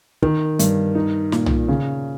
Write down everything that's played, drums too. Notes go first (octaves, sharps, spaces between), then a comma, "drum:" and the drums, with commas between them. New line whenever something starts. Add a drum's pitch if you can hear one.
D#3, drum: kick
G2, drum: hi-hat
D#4
A#2, drum: snare
drum: tom
C#3